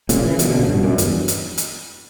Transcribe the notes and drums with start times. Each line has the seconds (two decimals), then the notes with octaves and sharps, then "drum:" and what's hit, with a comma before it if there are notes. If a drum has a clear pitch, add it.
0.09 A#2 C#3, drum: hi-hat
0.24 C#3 E3
0.39 B2 D3, drum: hi-hat
0.49 B2 D3
0.59 A#2 C#3
0.69 G2 B2
0.83 F#2 A#2
0.98 E2 G2, drum: hi-hat
1.28 drum: hi-hat
1.57 drum: hi-hat